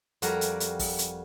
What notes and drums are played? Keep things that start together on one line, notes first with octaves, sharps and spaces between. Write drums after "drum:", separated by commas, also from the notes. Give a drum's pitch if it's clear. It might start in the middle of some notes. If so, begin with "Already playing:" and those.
F2 G3 F#4 A#4, drum: hi-hat
drum: hi-hat
drum: hi-hat
drum: kick, open hi-hat
drum: hi-hat